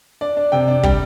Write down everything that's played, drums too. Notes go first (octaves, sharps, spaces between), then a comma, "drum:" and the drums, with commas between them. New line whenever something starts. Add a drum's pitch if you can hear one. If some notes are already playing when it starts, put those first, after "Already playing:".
D4 D5
D4
C3 G5
D4
G3 G5, drum: kick